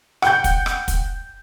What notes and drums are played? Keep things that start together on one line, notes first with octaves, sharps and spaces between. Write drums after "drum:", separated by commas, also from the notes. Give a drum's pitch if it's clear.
F#5 G5 G6, drum: rim click
drum: kick, hi-hat
drum: rim click
drum: kick, hi-hat